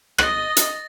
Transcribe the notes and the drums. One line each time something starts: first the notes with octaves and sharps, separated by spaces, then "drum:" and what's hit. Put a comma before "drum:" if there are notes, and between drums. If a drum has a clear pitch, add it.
D#5 F#6 A6 A#6, drum: rim click
drum: hi-hat